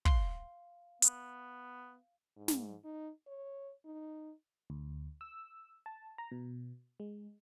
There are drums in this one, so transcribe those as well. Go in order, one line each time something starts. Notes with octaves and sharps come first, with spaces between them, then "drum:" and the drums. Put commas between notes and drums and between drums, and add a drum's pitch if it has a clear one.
F5 C6, drum: kick
B3, drum: hi-hat
G#2
drum: snare
D#4
C#5
D#4
D2
E6
A5
A#5
B2
G#3